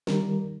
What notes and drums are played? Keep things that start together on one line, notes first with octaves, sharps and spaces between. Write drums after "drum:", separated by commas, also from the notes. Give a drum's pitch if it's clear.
D#3 G3 A#4, drum: snare